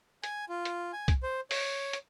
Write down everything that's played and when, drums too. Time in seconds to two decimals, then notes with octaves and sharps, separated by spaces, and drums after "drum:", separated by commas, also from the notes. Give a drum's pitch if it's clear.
0.24 G#5, drum: hi-hat
0.49 F4
0.65 drum: hi-hat
0.93 G#5
1.08 drum: kick C2, hi-hat
1.23 C5
1.51 C#5, drum: open hi-hat
1.93 drum: hi-hat